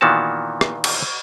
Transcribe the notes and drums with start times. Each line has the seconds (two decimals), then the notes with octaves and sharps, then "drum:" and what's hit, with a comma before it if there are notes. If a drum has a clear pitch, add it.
0.01 A#2 D#3 E3 B3 F#4 A5
0.61 drum: rim click
0.84 drum: cymbal